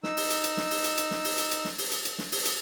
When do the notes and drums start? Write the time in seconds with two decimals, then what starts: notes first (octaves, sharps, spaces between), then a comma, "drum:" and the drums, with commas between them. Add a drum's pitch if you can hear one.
0.03 D#4 E6, drum: snare
0.17 drum: open hi-hat
0.30 drum: hi-hat
0.44 drum: hi-hat
0.57 drum: snare
0.71 drum: open hi-hat
0.84 drum: hi-hat
0.97 drum: hi-hat
1.11 drum: snare
1.24 drum: open hi-hat
1.38 drum: hi-hat
1.51 drum: hi-hat
1.65 drum: snare
1.78 drum: open hi-hat
1.92 drum: hi-hat
2.05 drum: hi-hat
2.18 drum: snare
2.32 drum: open hi-hat
2.45 drum: hi-hat